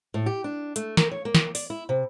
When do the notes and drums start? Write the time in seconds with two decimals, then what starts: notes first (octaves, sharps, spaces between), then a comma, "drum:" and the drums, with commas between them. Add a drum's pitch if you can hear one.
0.14 A2
0.26 G4
0.44 D4
0.76 A3, drum: hi-hat
0.97 A#4, drum: snare
1.11 C#5
1.25 A#3
1.35 drum: snare
1.55 D5, drum: open hi-hat
1.70 E4
1.89 C3